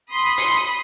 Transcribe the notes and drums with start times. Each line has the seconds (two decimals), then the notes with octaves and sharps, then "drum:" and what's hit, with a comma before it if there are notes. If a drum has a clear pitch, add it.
0.12 B5 C6 D#6
0.38 drum: open hi-hat